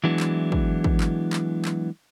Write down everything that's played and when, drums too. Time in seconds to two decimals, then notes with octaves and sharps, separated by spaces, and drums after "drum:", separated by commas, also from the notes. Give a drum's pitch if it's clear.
0.04 E3 F#3 G#3 B3 D4 E4
0.20 drum: clap
0.52 drum: kick
0.84 drum: kick
1.00 drum: clap
1.33 drum: clap
1.65 drum: clap